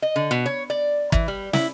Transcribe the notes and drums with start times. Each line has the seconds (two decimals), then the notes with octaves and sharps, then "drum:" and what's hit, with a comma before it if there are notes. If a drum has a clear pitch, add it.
0.02 D#5
0.16 D3
0.31 B2
0.46 C#5
0.70 D5
1.12 E3, drum: kick
1.28 G3
1.53 E4, drum: snare